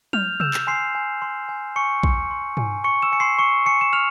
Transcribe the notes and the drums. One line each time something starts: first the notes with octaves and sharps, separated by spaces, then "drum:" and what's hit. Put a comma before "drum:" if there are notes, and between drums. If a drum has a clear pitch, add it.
F6 G6 F7, drum: tom
E6 G6 E7, drum: tom C3
drum: clap
G#5 C6 C7
G#5
C6
G#5
G#5 C#6 C#7
C6, drum: kick A#1
C6
G#5, drum: tom
C6 C#6 C#7
E6 E7
G#5 C#7
C6 C7
C6 C#6 C#7
G#5 C#6 C#7
E7
F6 F7